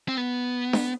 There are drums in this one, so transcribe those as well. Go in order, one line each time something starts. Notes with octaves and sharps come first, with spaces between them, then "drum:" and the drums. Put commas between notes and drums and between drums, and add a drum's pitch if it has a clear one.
C4
B3
drum: snare D4